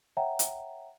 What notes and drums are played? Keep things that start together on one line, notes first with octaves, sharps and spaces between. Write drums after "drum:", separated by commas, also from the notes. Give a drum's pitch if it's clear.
C#5 E5 F#5 G5 A#5
drum: hi-hat